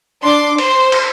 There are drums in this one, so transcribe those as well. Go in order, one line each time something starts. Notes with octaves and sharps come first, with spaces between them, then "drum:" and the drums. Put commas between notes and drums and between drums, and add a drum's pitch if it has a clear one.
D4 C6 D6
C5 C6, drum: cymbal
drum: cymbal